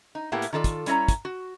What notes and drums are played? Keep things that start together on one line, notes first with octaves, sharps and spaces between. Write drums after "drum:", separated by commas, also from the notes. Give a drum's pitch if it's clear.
D#4
A2 A#3 B3 E4 G4
drum: hi-hat
D#3 F4 A4 D5
drum: kick, hi-hat
G3 C#4 E4 C#5 A#5, drum: hi-hat
drum: kick, hi-hat
F#4